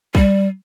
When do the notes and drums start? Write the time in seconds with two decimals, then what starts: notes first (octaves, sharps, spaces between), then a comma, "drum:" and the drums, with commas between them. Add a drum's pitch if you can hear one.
0.15 G3, drum: kick